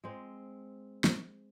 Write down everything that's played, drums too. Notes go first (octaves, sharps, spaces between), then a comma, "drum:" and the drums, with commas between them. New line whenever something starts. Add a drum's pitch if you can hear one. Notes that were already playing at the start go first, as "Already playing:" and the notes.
G#3 C4
drum: snare